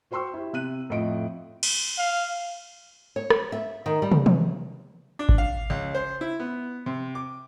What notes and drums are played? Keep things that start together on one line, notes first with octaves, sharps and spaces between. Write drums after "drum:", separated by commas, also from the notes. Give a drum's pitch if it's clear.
F#4 C5 G5 C6 C#6 E6
E4 G4
C3 F#6 D#7
F2 A2 E4 F4 D#5 D7
drum: cymbal
F5
C#5
drum: rim click
E5
D#3
G3
drum: tom
drum: tom
D4
drum: kick G#1
F5
C#2
C5
E4
B3
C3
D6